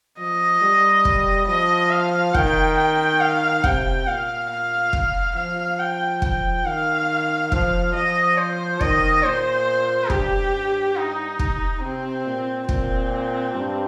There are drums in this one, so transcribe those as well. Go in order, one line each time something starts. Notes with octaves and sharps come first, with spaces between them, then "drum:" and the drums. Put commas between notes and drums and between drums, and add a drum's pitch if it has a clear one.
F3 D#5
G3
drum: kick
F3 D#5
F5
D#3 G5, drum: kick
G5
F5
C3 G5, drum: kick
A#2 F5
F5
drum: kick
F3 F5
G5
G5, drum: kick
D#3 F5
F3 F5, drum: kick
F3 D#5
C5
D#3 D#5, drum: kick
A#2 C5
G2 G4, drum: kick
G2
D#4
drum: kick
C3 C4
A#2
A#2 C4, drum: kick
G2